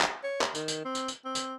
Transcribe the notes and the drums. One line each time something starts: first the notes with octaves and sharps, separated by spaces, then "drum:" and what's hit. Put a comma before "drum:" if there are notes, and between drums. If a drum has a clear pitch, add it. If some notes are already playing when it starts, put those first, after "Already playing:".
drum: clap
C#5
drum: clap
D#3, drum: tambourine
drum: tambourine
C4
drum: tambourine
drum: tambourine
C4
drum: tambourine